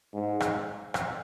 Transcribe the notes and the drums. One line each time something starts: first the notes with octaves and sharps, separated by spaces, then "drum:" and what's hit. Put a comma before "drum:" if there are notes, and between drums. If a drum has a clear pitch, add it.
G#2
drum: rim click
drum: rim click